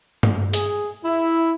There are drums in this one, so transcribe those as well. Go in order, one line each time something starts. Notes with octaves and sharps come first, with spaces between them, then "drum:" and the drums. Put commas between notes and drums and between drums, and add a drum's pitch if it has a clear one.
drum: tom G2
G#4, drum: hi-hat
E4